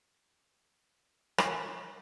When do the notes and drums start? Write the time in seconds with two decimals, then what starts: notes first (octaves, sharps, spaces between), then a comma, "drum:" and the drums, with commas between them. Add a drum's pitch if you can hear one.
0.04 G#3 D#5 F5
1.38 drum: rim click